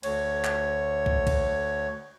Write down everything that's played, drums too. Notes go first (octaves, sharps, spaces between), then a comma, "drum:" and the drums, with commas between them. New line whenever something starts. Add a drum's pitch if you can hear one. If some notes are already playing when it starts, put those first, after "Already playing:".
D2 C#5, drum: cymbal
drum: clap
drum: kick
drum: kick, cymbal